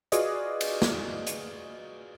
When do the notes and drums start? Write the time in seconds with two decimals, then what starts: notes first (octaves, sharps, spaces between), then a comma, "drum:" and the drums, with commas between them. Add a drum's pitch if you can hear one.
0.12 F4 F#4 G#4 B4 D5 D#5, drum: hi-hat
0.61 drum: cymbal
0.82 drum: snare
1.27 drum: hi-hat